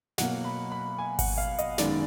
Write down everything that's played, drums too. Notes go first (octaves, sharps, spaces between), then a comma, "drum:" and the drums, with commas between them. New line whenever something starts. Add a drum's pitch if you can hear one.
B2 F#3 A#3 F#5, drum: snare
B5
B5
G#5
F#5, drum: kick G#1, open hi-hat
F5
D#5, drum: hi-hat
F#2 D#3 G#3 B3 D5, drum: snare